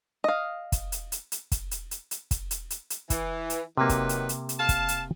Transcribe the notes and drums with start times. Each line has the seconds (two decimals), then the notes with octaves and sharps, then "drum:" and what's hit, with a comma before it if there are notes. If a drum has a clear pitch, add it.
0.24 D#5 F5
0.72 drum: kick, hi-hat
0.92 drum: hi-hat
1.12 drum: hi-hat
1.32 drum: hi-hat
1.52 drum: kick, hi-hat
1.71 drum: hi-hat
1.91 drum: hi-hat
2.11 drum: hi-hat
2.31 drum: kick, hi-hat
2.51 drum: hi-hat
2.70 drum: hi-hat
2.90 drum: hi-hat
3.10 E3, drum: kick, hi-hat
3.50 drum: hi-hat
3.77 C3 D#3 F#3 A#3 B4
3.89 drum: kick, hi-hat
4.09 drum: hi-hat
4.29 drum: hi-hat
4.49 drum: hi-hat
4.59 F5 A5
4.69 drum: kick, hi-hat
4.88 drum: hi-hat